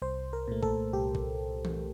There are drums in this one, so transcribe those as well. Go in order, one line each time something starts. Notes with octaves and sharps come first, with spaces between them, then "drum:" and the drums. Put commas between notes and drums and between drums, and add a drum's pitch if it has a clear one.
C2 C5
A#4
A#2 A3
A4, drum: kick
C2 G4
drum: kick
drum: tom E3